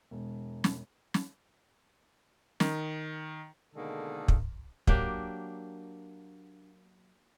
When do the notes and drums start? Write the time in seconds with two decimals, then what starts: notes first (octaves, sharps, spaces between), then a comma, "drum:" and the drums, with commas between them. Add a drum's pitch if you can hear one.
0.11 E1
0.64 drum: snare
1.14 drum: snare
2.60 D#3, drum: snare
3.74 B2 D3 D#3 G#3 A#3 A4
4.28 drum: kick
4.87 F#3 A#3 D4 G4, drum: kick